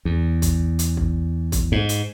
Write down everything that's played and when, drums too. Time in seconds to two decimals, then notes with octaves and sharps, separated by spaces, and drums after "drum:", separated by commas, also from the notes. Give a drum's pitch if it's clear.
0.05 E2
0.42 drum: kick, hi-hat
0.79 drum: hi-hat
0.97 drum: kick
1.52 drum: kick, hi-hat
1.72 G#2
1.89 drum: hi-hat